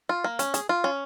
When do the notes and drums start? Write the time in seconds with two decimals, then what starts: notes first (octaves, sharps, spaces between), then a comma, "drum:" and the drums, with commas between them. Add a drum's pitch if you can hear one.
0.09 F4
0.24 A#3
0.39 C#4, drum: hi-hat
0.54 G#4, drum: hi-hat
0.69 F4
0.84 C#4